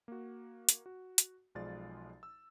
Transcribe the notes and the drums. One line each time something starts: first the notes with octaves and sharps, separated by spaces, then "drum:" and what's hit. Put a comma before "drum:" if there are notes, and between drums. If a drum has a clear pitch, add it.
A#3 F#4
drum: hi-hat
F#4
drum: hi-hat
B1 F3 G#3 F4 D5 A6
E6